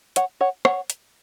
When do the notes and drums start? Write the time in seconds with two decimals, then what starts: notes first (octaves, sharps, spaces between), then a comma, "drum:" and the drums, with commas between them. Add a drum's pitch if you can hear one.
0.16 C#5 F#5, drum: hi-hat
0.41 C#5 F#5
0.65 C#5 F#5, drum: rim click
0.90 drum: hi-hat